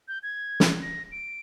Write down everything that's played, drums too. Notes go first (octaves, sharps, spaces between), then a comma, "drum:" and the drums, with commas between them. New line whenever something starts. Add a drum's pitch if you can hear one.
G6
G#6
drum: snare
A#6
D7